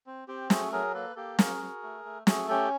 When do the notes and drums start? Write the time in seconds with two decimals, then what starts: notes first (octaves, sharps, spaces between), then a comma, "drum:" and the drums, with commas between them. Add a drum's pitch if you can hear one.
0.06 C4
0.28 C4 G4
0.50 A3 F#4 G#4, drum: snare
0.72 F#3 G#4 A#4
0.94 A#3 A4 B4
1.16 A#3 G4 A4
1.39 F#4 G#4 A#4, drum: snare
1.61 F#4
1.83 A3
2.05 A3
2.27 A3 F#4 G#4, drum: snare
2.49 C#4 G4 A4